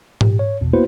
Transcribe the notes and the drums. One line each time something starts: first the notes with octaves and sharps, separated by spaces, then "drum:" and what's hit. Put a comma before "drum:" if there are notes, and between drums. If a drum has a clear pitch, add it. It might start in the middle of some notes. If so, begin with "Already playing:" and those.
A#2 G4, drum: tom G#2
C#5
G#1 E2 B2
A#3 B3 E4 F#4 B4 C5